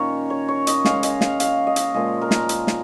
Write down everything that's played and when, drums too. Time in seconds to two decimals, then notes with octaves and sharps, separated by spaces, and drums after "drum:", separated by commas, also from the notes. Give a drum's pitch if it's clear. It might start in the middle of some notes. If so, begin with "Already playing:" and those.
Already playing: A#2 D#3 A#3 C#4 A#4 C#5
0.30 C#5
0.48 C#5
0.67 D#5, drum: hi-hat
0.85 C#3 G#3 C#4 F5, drum: snare
1.03 D#5, drum: hi-hat
1.21 F5, drum: snare
1.40 F5, drum: hi-hat
1.67 D#5
1.76 drum: hi-hat
1.94 A#2 F3 G#3 D#5
2.22 A#4
2.31 drum: snare
2.49 drum: hi-hat
2.67 drum: snare